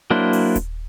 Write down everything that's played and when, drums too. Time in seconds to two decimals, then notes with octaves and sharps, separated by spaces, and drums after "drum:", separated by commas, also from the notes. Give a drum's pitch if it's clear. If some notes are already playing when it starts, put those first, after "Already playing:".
0.11 F#3 A#3 D4 E4 C5
0.33 drum: open hi-hat
0.56 drum: kick D#1, hi-hat